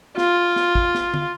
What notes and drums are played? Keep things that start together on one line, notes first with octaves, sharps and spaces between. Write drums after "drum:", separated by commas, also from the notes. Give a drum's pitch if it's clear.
F4, drum: snare
drum: snare
drum: kick
drum: snare
drum: tom D3